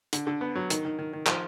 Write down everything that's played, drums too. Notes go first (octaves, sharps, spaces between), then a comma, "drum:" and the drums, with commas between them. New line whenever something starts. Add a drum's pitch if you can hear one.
D3, drum: hi-hat
D3
B3
F#3
D#3, drum: hi-hat
D#3
D#3
D#3
F3, drum: clap